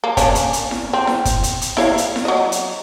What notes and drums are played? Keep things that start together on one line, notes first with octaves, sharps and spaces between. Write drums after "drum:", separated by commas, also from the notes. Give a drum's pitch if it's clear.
A#3
A#3 C#4 D4, drum: kick, hi-hat
drum: hi-hat
drum: hi-hat
drum: snare E4
C4
drum: snare E4
drum: kick, hi-hat
drum: hi-hat
drum: hi-hat
E4 C#5 F5, drum: snare E4
drum: hi-hat
drum: snare E4
F#3 D#5
drum: hi-hat